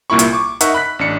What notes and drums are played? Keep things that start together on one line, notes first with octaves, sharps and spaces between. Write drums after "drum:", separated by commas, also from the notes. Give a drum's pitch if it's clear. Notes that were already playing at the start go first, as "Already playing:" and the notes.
C2 A#2 A#3 E4 B5 C#6
drum: hi-hat
C#6 D6
D#4 A#4 E5 F#5 C#6, drum: hi-hat
B5 F#6 B6
A1 D4 C#7